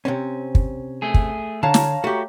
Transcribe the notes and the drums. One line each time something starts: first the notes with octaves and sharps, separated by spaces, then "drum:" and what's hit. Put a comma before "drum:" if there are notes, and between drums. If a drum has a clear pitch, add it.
C3 C4 C#4
drum: kick
A3 G#4
drum: kick
D3 C#5 F5 A5 A#5
drum: snare
A3 F#4 G4